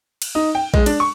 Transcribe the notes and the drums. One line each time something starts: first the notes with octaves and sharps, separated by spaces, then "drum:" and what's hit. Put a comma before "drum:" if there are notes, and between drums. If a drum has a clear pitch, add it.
drum: cymbal
D#4
G5
G#3, drum: kick A#1
D4, drum: cymbal
C#6